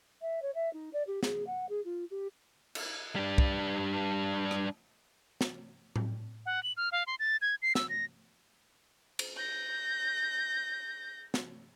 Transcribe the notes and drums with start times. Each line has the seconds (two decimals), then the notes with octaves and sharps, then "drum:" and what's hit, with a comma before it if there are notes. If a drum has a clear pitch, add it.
0.21 E5
0.42 C#5
0.54 E5
0.73 D#4
0.93 D5
1.07 G4
1.23 G#4, drum: snare
1.46 F#5
1.69 G#4
1.84 F4
2.10 G4
2.75 drum: cymbal
3.16 G3 D4
3.38 drum: kick
4.51 drum: rim click
5.41 drum: snare
5.96 drum: tom A2
6.46 F#5
6.63 F#7
6.77 F6
6.92 F5
7.07 C6
7.19 A6
7.42 G#6
7.62 C7
7.75 E6, drum: snare
7.89 A#6
9.19 drum: cymbal
9.37 G6 A#6
11.34 drum: snare